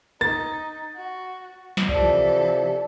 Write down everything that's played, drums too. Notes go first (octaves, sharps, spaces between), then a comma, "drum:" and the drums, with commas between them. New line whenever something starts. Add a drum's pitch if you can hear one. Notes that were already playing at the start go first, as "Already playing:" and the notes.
D#4 A6, drum: rim click
F#4
drum: snare
C3 E3 F3 A4 D5, drum: kick C2